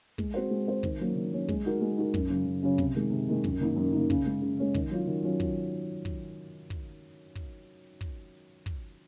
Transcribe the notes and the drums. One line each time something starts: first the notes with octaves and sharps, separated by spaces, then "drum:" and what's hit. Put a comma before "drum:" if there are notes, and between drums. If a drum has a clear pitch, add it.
G#3, drum: kick
C4 F#4 C5
G#3
C4 F#4 C5
D#3, drum: kick
F#3 A#3 C#4
D#3
F#3 A#3 C#4
G#3, drum: kick
D#4 F#4 A#4
G#3
D#4 F#4 A#4
F#2, drum: kick
C#3 F#3 C#4
F#2
C#3 F#3 C#4
C3, drum: kick
D#3 G#3
C3
D#3 G#3
F#2, drum: kick
D#3 A#3 D#4
F#2
D#3 A#3 D#4
C#3, drum: kick
G#3 C#4
C#3
G#3 C#4
D#3, drum: kick
F#3 C#4 F4
D#3
F#3 C#4 F4
drum: kick
drum: kick
drum: kick
drum: kick
drum: kick
drum: kick